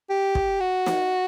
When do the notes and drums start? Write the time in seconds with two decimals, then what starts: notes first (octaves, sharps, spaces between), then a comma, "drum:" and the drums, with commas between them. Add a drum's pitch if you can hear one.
0.10 G4
0.35 drum: kick
0.60 F#4
0.86 drum: snare